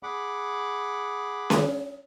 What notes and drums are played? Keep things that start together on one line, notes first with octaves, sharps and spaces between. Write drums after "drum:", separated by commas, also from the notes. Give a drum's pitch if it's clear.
G#4 F#5 B5 D6
drum: snare C#4